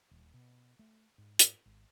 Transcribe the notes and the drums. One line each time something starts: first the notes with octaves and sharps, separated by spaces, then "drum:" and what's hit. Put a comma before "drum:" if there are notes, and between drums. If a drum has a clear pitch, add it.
D#1
B2
A3
G#2
drum: hi-hat
G#1